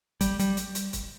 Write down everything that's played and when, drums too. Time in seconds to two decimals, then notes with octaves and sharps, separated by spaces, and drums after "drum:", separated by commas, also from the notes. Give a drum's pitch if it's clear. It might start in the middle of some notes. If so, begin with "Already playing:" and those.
0.21 G3, drum: kick, hi-hat
0.39 G3, drum: hi-hat
0.57 drum: hi-hat
0.75 drum: hi-hat
0.93 drum: kick, hi-hat